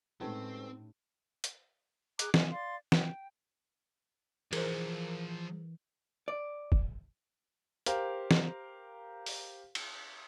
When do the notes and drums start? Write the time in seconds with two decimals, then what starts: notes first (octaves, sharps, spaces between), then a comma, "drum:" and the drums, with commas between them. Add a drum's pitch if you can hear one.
0.21 A2 G#3 A3 C4 C#4 D#4 G4 B4
1.44 drum: hi-hat
2.19 G#4 A#5 D6 F#6, drum: hi-hat
2.34 E5 G#5, drum: snare
2.52 D5 F5 C6
2.92 G5, drum: snare
4.53 E3 F3 G#4 A#4 C5 D5, drum: cymbal
6.28 D5
6.72 drum: kick
7.86 G4 A#4 C5 F5, drum: hi-hat
8.31 drum: snare
9.26 drum: open hi-hat
9.75 drum: cymbal